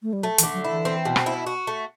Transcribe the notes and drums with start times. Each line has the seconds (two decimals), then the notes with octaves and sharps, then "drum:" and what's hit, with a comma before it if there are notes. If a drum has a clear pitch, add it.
0.03 A3
0.13 G3
0.23 F#3 A3
0.38 E3, drum: hi-hat
0.43 D3
0.54 F#3
0.64 E3 E4
0.85 C4
1.05 B2
1.16 drum: rim click
1.26 E4
1.47 F#4
1.67 A3